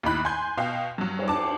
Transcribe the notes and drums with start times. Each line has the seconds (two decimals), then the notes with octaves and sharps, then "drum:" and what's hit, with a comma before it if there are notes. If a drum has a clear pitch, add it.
0.03 D#2 A2 D#4 B5 F#6
0.25 G#5 C6 G6
0.58 B2 F5 G5
0.98 G2 F#3
1.19 drum: cymbal
1.28 A5 D6